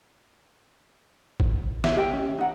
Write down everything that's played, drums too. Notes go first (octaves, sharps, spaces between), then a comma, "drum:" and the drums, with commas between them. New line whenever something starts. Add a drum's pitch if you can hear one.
drum: kick A1
E4 E5, drum: snare
G4 A#4 E5 G5
C#4
D#4 F#5 A#5